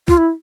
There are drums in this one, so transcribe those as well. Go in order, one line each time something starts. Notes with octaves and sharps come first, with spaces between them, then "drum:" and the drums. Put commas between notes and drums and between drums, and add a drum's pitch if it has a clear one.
F4, drum: kick
E4